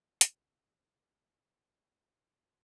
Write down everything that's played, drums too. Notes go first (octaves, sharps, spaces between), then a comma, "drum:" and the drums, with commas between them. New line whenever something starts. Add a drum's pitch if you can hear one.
B1 C#3, drum: hi-hat